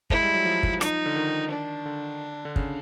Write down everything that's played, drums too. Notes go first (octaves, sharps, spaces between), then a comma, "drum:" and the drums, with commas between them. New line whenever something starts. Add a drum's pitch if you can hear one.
G#3 E4, drum: kick
G3
F#3
F3
drum: kick
D#4, drum: rim click
D3
D#3
D4
D3
D3
C#3, drum: kick